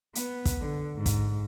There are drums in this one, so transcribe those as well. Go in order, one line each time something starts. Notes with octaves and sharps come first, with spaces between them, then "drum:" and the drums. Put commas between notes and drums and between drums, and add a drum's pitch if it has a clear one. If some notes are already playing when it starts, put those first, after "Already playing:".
B3, drum: hi-hat
drum: kick, hi-hat
D3
G#2
drum: kick, hi-hat